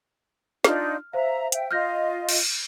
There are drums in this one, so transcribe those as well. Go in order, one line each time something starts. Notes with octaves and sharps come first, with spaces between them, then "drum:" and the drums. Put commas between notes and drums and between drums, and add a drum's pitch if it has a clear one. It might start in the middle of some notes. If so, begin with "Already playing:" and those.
D4 D#4 F4 F6, drum: snare
C5 E5 F5 A#5
E5 G5, drum: hi-hat
F4 D#5 F6 G6 A#6
drum: cymbal